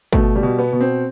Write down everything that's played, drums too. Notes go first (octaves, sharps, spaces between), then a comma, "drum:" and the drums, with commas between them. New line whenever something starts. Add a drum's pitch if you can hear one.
B2 A3, drum: kick
G3
B2
B3
B2
C4